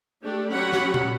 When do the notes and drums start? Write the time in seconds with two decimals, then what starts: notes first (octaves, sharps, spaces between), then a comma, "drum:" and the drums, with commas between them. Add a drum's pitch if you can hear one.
0.23 A3 D4 G4
0.52 F#3 C#4 G4 F#5 B5
0.72 drum: snare
0.94 drum: tom A#2